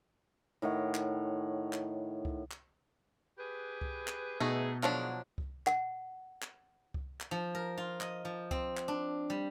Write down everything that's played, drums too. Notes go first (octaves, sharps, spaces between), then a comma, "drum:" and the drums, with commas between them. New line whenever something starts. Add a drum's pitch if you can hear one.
A2 D#3 C#5 F#5
drum: clap
drum: clap
drum: kick C2
drum: clap
G4 G#4 B4
drum: kick C2
drum: clap
D2 B2 E3 A3 D#4 G#4
D#3 F3 F#3 G#3 D4, drum: clap
drum: kick C2
F#5, drum: clap
drum: clap
drum: kick C2
drum: clap
F3
A#4
F4
D#5, drum: clap
F3
C4, drum: kick C2
drum: clap
D4
G3